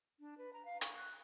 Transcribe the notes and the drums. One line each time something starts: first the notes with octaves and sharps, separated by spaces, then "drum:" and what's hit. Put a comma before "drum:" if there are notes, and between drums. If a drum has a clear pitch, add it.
D4
B4
A#5
F5
C#6, drum: hi-hat
F#6